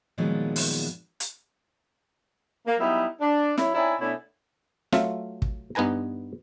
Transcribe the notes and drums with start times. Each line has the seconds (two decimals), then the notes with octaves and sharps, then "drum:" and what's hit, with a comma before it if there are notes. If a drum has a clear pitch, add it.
0.18 A#2 D#3 F3 F#3 G#3 B3
0.56 drum: open hi-hat
1.20 drum: hi-hat
2.66 A#3
2.79 F#3 G3 B3 D#4 E4 E5
3.20 D4
3.58 F#3 E4 C#5, drum: snare
3.74 C4 C#4 D#4 E4 C#5 D5
4.00 B2 A3 B3 C#4 D4 E4
4.93 F#3 A3 F4 E5 F5, drum: snare
5.42 drum: kick
5.75 G2 B3 D#4 B4 G#5 A#5